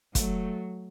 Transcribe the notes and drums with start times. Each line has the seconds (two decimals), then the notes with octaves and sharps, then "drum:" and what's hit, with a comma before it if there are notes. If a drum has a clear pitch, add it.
0.15 F#3 A3, drum: kick, hi-hat